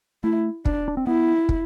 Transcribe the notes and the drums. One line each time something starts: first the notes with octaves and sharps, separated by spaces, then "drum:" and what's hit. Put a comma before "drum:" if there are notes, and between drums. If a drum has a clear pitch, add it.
A3 E4
D4, drum: kick
D4
C4
B3 E4
drum: kick